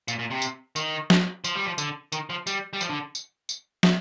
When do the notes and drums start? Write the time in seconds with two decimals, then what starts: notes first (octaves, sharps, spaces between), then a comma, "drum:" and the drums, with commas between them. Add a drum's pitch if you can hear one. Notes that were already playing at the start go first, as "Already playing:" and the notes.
0.08 A#2, drum: tambourine
0.19 A#2
0.30 C3
0.42 drum: tambourine
0.76 D#3, drum: tambourine
1.10 drum: snare
1.44 F3, drum: tambourine
1.55 G3
1.66 F3
1.78 D3, drum: tambourine
2.12 D#3, drum: tambourine
2.30 F3
2.47 G3, drum: tambourine
2.73 G3
2.81 F3, drum: tambourine
2.89 D3
3.15 drum: tambourine
3.49 drum: tambourine
3.83 drum: snare